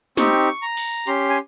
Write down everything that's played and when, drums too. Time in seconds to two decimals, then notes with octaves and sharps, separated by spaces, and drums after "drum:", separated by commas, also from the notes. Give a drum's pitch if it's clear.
0.17 C4 D#4 G4 C#6, drum: snare A#3
0.62 A#5
0.77 drum: open hi-hat
1.07 C#4 G4 C6, drum: hi-hat
1.30 G#5